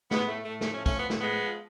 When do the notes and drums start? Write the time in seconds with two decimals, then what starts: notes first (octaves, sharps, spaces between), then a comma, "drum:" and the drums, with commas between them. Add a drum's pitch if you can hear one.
0.11 A2 G#3 B3, drum: snare
0.28 A2 A3
0.45 A2 A3
0.61 F3 A3, drum: snare
0.74 A3 C#4
0.79 A2
0.86 A3 C#4, drum: kick, tambourine
0.95 F3 B3
1.10 A2 A3, drum: snare
1.20 G#3 B3
1.29 F3
1.44 F3